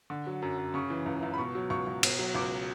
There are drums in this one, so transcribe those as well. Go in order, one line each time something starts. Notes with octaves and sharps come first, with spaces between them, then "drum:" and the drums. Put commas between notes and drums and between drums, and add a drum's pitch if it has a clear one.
D3
F#3
F#2
F#2
C#3 C#6
E3
C#2
C#2
B5
B2 C#6
F#3
C#2 C#6
C#2
B2, drum: cymbal
F#3
C#2 D6